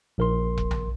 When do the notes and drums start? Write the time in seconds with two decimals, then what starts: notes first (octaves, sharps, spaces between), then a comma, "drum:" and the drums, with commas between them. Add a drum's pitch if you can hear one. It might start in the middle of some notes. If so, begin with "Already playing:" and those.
0.18 A#1 A#4 C6
0.58 drum: kick E1
0.71 drum: tom B1